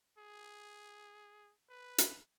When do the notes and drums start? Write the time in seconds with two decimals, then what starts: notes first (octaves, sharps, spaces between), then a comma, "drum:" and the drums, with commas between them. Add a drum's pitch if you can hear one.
0.18 G#4
1.69 B4
1.98 drum: hi-hat